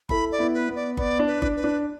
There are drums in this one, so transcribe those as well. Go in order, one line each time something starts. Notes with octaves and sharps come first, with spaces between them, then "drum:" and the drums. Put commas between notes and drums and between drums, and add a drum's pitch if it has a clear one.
E4 A4 B5, drum: kick G1
D5
B3 E4
B4
B3
D5
B3 D5, drum: kick G1
D4
B4
D4, drum: kick G1
B4
D4